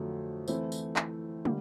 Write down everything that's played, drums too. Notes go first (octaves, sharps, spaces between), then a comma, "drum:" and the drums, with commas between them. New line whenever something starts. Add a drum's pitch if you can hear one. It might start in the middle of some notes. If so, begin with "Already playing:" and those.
Already playing: F2 D3 F#3 A3
E3 A3 C4 E4, drum: tambourine
drum: tambourine
drum: clap
D3 G3 A#3, drum: tom